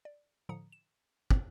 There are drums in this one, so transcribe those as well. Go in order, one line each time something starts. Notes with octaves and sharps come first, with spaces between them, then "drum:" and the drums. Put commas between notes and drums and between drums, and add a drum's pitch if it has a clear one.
D5
A2 D3 F3 A#5 D#6 C#7
E7
C4, drum: kick